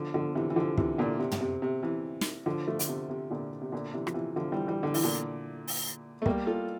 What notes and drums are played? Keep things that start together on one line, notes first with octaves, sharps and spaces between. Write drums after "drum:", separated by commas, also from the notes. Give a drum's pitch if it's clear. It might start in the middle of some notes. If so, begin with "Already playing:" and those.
Already playing: D3 F3
D3 F3
C3 E3
E3
D3 F3
C3 E3, drum: kick
A#2 D3
C3
drum: tom
C3
C3
C3 E3
drum: snare
D3 F3
F3 A3
D3, drum: hi-hat
C3
C3
A#2 D3
C3
A#2 D3
C3 E3
F3, drum: rim click
C3 E3
D3 F3
E3 G3
E3 G3
D3
E3, drum: open hi-hat
A#2 D3
drum: open hi-hat
A3
G3 A#3, drum: kick
F4 A4